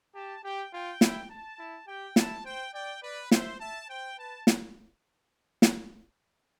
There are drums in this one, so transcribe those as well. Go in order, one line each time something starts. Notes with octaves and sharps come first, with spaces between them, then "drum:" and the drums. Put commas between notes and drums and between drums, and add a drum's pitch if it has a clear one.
G4 A5
G4 G5
F4 G5
E4, drum: snare
A5
E4
G4 G5
E4 A5, drum: snare
C5 G5
D5 G5
B4 D5
C5 E5, drum: snare
E5 A5
C5 G5
B4 A5
drum: snare
drum: snare